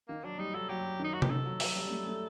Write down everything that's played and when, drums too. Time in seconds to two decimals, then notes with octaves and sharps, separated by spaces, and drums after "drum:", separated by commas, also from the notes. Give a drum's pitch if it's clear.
0.08 D#3 A#3
0.24 F#3 D4
0.38 G3 D#4
0.54 F#3 A4
0.69 F#3 G4
1.00 D#3
1.04 D#4
1.13 F#4
1.22 G4, drum: tom C3
1.30 D#3 A4
1.45 F#3
1.60 F#3, drum: open hi-hat
1.76 G3
1.86 G3
1.90 A3
2.07 A3